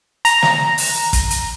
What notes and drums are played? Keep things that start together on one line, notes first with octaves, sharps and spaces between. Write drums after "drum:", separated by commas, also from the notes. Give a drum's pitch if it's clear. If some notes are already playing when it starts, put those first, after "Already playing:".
A#5, drum: hi-hat
drum: snare
drum: open hi-hat
drum: kick, hi-hat
drum: hi-hat